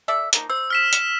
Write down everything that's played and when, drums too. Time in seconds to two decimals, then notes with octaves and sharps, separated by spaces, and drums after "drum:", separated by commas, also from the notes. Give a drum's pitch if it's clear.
0.08 A4 D5 E5
0.33 F3 A#3 D#4, drum: hi-hat
0.50 C5 E6
0.70 F6 B6 E7
0.93 drum: hi-hat